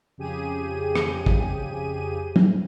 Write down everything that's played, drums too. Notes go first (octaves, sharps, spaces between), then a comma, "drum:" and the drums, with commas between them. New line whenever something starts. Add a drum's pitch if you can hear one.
F2 C#3 G4 G#4 D#7
drum: rim click
drum: kick
drum: tom